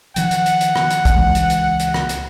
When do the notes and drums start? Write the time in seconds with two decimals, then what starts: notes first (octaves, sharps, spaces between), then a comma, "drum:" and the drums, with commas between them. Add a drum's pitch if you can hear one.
0.16 D#3 F3 F#5, drum: hi-hat
0.31 drum: hi-hat
0.46 drum: hi-hat
0.61 drum: hi-hat
0.76 drum: rim click
0.90 drum: hi-hat
1.05 drum: kick, hi-hat
1.16 C#2 E3 G#3
1.35 drum: hi-hat
1.50 drum: hi-hat
1.80 drum: hi-hat
1.94 drum: rim click
2.09 drum: hi-hat